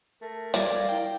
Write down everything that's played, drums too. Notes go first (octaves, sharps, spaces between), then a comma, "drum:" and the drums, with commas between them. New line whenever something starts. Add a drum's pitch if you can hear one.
A3 A#4
G3 D5 F5 G#6, drum: hi-hat
E4 G5 A#5